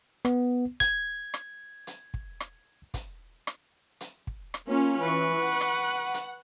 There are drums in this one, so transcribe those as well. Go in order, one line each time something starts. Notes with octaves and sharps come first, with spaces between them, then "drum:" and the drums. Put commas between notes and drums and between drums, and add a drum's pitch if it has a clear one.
B3, drum: rim click
G#6, drum: kick, hi-hat
drum: rim click
drum: hi-hat
drum: kick
drum: rim click
drum: kick, hi-hat
drum: rim click
drum: hi-hat
drum: kick
drum: rim click
A#3 C#4 F4
E3 B4 C#6
F#5
drum: rim click
drum: hi-hat